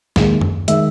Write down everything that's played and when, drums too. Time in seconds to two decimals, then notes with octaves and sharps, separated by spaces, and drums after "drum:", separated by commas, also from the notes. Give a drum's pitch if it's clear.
0.16 D#2 D#3 G#3, drum: snare
0.41 drum: tom F#2
0.68 D#3 G#3 E5, drum: hi-hat